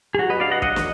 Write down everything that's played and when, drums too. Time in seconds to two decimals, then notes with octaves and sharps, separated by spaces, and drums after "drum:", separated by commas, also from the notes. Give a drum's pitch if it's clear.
0.15 G#4
0.18 F#3 F#4
0.30 B4 D#5
0.40 D4 D5 F5
0.51 D#5 F#5
0.62 F#3 D#5 F#5, drum: kick
0.76 drum: snare